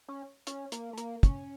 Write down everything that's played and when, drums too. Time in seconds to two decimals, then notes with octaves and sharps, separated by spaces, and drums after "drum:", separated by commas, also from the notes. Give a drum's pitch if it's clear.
0.08 C#4
0.47 C#4, drum: hi-hat
0.72 A#3, drum: hi-hat
0.93 A3
0.98 A#3, drum: hi-hat
1.23 C#4, drum: kick, hi-hat